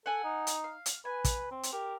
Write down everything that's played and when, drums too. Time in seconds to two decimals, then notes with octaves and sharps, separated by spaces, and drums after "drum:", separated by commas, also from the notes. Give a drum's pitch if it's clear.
0.06 A4 F#5 G#5
0.24 D#4
0.47 drum: hi-hat
0.64 F5
0.86 drum: hi-hat
1.05 B4 G#5
1.24 drum: kick, hi-hat
1.51 C4
1.63 drum: hi-hat
1.73 G4 A#4